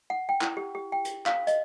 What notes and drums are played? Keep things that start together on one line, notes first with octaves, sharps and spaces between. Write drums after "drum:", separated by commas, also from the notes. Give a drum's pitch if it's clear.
F#5
G5
E4, drum: clap
G4
G4
G5
drum: hi-hat
F5, drum: clap
D#5, drum: hi-hat